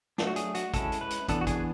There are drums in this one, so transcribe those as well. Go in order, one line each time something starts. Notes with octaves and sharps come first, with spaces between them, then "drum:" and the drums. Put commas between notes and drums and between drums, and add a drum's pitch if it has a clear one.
F#3 A3 D4, drum: snare
F#4
G#4, drum: hi-hat
F#4, drum: hi-hat
G#3 C#4 E4 A4, drum: kick, hi-hat
drum: hi-hat
B4
drum: hi-hat
E3 B3 D4 A4, drum: kick, hi-hat
F#4
G#4, drum: kick, hi-hat